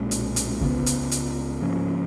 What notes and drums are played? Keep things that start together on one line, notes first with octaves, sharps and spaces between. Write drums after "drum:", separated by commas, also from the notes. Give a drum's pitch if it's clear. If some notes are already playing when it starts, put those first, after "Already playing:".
Already playing: B1 A#2 G#3 C#4
drum: hi-hat
drum: hi-hat
C#2 C#3 F3 B3, drum: kick
drum: hi-hat
drum: hi-hat
G#2 F3 A#3 C#4